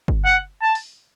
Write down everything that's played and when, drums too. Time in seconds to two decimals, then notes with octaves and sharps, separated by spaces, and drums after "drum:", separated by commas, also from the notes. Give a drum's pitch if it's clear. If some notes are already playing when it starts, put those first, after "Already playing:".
0.08 drum: kick
0.25 F#5
0.62 A5
0.75 drum: open hi-hat